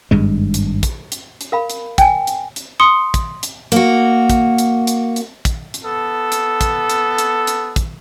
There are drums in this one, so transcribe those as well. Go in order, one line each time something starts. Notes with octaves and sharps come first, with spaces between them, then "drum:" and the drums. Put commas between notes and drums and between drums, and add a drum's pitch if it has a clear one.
G#1 G2 G#3
drum: hi-hat
drum: kick, hi-hat
drum: hi-hat
drum: hi-hat
A#4 F5 B5
drum: hi-hat
G5 G#5, drum: kick, hi-hat
drum: hi-hat
drum: hi-hat
C6 D#6 C#7
drum: kick, hi-hat
drum: hi-hat
A#3 F#4, drum: hi-hat
drum: kick, hi-hat
drum: hi-hat
drum: hi-hat
drum: hi-hat
drum: kick, hi-hat
drum: hi-hat
B3 A4
drum: hi-hat
drum: kick, hi-hat
drum: hi-hat
drum: hi-hat
drum: hi-hat
drum: kick, hi-hat